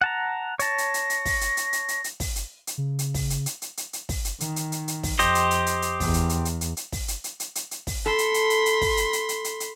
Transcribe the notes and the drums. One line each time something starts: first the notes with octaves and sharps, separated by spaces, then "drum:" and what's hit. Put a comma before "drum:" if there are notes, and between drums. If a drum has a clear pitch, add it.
F#5 A5 A#5
C#5 A5 A#6, drum: hi-hat
drum: hi-hat
drum: hi-hat
drum: hi-hat
drum: kick, open hi-hat
drum: hi-hat
drum: hi-hat
drum: hi-hat
drum: hi-hat
drum: hi-hat
drum: kick, open hi-hat
drum: hi-hat
drum: hi-hat
C#3
drum: hi-hat
drum: kick, open hi-hat
drum: hi-hat
drum: hi-hat
drum: hi-hat
drum: hi-hat
drum: hi-hat
drum: kick, open hi-hat
drum: hi-hat
D#3, drum: hi-hat
drum: hi-hat
drum: hi-hat
drum: hi-hat
drum: kick, open hi-hat
F2 G4 C5 D#5, drum: hi-hat
drum: hi-hat
drum: hi-hat
drum: hi-hat
drum: hi-hat
E2, drum: kick, open hi-hat
drum: hi-hat
drum: hi-hat
drum: hi-hat
drum: hi-hat
drum: hi-hat
drum: kick, open hi-hat
drum: hi-hat
drum: hi-hat
drum: hi-hat
drum: hi-hat
drum: hi-hat
drum: kick, open hi-hat
A4 B5 C6
drum: hi-hat
drum: hi-hat
drum: hi-hat
drum: hi-hat
drum: kick, open hi-hat
drum: hi-hat
drum: hi-hat
drum: hi-hat
drum: hi-hat
drum: hi-hat